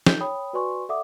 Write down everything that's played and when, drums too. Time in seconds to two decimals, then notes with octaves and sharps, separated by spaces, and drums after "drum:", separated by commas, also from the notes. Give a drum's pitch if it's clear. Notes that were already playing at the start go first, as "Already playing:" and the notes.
0.06 D#4 A4 G6 G7, drum: snare
0.20 C#5 G5 B5 D#6
0.53 F#4 B4 D5 G#5 C6 C#6
0.89 A4 D5 E5 F#5 D6 D#6